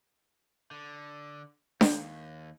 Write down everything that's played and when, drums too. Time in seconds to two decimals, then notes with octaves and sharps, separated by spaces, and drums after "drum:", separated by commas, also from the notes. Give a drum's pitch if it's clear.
0.71 D3
1.81 D#2, drum: snare D4